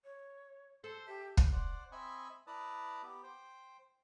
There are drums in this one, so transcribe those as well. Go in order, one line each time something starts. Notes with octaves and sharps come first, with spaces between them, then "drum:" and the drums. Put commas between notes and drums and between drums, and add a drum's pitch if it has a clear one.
C#5
A4 C5
G4 E5
drum: kick
C5 D5 F#5
C4 D#5 E5 G#5 B5 C#6
E4 B4 D5 A5 A#5 D#6
B3 G4
C5 G5